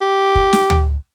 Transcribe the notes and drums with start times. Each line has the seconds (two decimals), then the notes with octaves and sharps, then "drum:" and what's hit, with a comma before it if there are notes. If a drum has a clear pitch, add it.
0.01 G4
0.35 drum: kick
0.53 drum: snare
0.70 drum: tom D2